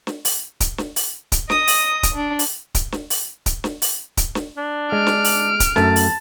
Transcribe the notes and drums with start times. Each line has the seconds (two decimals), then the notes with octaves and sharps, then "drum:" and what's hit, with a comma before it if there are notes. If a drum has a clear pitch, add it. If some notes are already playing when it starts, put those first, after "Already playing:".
0.07 drum: snare
0.25 drum: open hi-hat
0.60 drum: kick D1, hi-hat
0.78 drum: snare
0.96 drum: open hi-hat
1.32 drum: kick D1, hi-hat
1.50 D#5 D#6, drum: snare
1.67 drum: open hi-hat
2.03 drum: kick D1, hi-hat
2.14 D4
2.39 drum: open hi-hat
2.75 drum: kick D1, hi-hat
2.92 drum: snare
3.10 drum: open hi-hat
3.46 drum: kick D1, hi-hat
3.64 drum: snare
3.82 drum: open hi-hat
4.17 drum: kick D1, hi-hat
4.35 drum: snare
4.57 D4
4.92 G#3 F6 D7
5.07 drum: snare
5.24 drum: open hi-hat
5.60 drum: kick D1, hi-hat
5.76 F#2 A3 A5, drum: snare
5.96 drum: open hi-hat